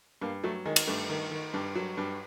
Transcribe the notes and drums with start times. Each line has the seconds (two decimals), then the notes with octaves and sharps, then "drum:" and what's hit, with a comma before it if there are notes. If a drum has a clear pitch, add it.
0.22 G2 A#3
0.44 F#3 A3
0.66 D#3 G#3
0.76 drum: cymbal
0.87 G2 A3
1.09 D#3
1.31 D#3
1.54 G2
1.75 F#3
1.97 G2